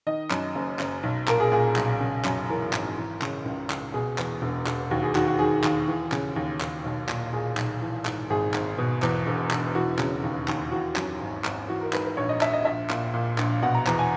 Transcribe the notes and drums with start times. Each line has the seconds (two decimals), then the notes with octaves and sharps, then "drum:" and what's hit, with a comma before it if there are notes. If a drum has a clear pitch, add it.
0.06 D#3 D#5
0.31 F#2, drum: clap
0.55 F#1
0.79 F#1, drum: clap
1.03 B1
1.28 A#2 A#4, drum: clap
1.40 G#4
1.52 A#2 G#4
1.76 B1, drum: clap
2.00 C#3
2.25 F#2, drum: clap
2.49 E3 A#4
2.73 G#1, drum: clap
2.97 E3
3.22 C#3, drum: clap
3.45 C#2
3.70 C#2, drum: clap
3.94 B2 G#4
4.18 E2, drum: clap
4.42 E1
4.66 E1, drum: clap
4.91 D#2 F#4
5.03 G#4
5.15 D#3 F#4, drum: clap
5.27 F#4
5.39 D#3 G#4
5.64 D#2, drum: clap
5.88 E3
6.12 C#3, drum: clap
6.36 D#2
6.60 D#2, drum: clap
6.84 B1
7.09 A#2, drum: clap
7.33 A#2 G#4
7.57 B1, drum: clap
7.81 E3
8.05 G#2, drum: clap
8.30 G#1 G#4
8.54 G#1, drum: clap
8.78 B2
9.02 E2, drum: clap
9.26 E1
9.51 E1, drum: clap
9.75 E3 F#4
9.99 C#3, drum: clap
10.23 D#2
10.48 D#2, drum: clap
10.71 E3 F#4
10.96 F#2, drum: clap
11.21 G#1
11.44 G#1, drum: clap
11.68 E3 F#4
11.81 A#4
11.93 G#2 B4, drum: clap
12.05 B4
12.17 A#1 C#5
12.29 D#5
12.41 A#1 E5, drum: clap
12.53 D#5
12.65 A#1 E5
12.90 A#2, drum: clap
13.14 A#2
13.38 A#1, drum: clap
13.62 B2 F#5
13.75 A#5
13.87 E2 A#5, drum: clap
13.99 G#5